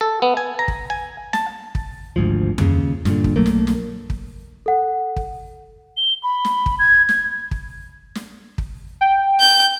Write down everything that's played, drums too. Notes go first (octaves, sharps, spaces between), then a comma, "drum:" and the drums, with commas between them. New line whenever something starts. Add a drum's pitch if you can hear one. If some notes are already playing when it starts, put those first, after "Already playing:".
A4
B3
G#5
A#5
drum: kick
G#5
A5, drum: snare
drum: kick
G#1 D2 G#2 F3
D#2 C#3, drum: tom F2
G2 A#2 D3, drum: snare
drum: kick
B1 F#3 A3 A#3
drum: snare
drum: snare
drum: kick
A4 F#5
drum: kick
G7
B5
drum: snare
drum: kick
G#6
G#6, drum: snare
drum: kick
drum: snare
drum: kick
G5
G6